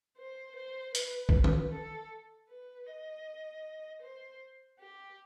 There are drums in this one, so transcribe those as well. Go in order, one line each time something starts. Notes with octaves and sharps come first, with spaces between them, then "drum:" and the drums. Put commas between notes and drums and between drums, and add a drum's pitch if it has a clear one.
C5
C5
B4, drum: hi-hat
drum: kick
drum: tom D#3
A4
B4
D#5
C5
G4